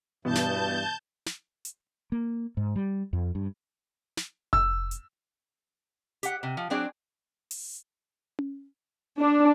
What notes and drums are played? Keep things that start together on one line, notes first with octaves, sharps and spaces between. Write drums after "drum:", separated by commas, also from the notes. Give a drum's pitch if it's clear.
G2 B2 E3 B3 A5 G6
drum: snare
drum: snare
drum: hi-hat
A#3
G#2
G3
F2
G2
drum: snare
E6, drum: kick F1
drum: hi-hat
G4 F#5, drum: hi-hat
C3
F3
F#3 C4 D4 G#4 D5
drum: open hi-hat
drum: tom C#4
D4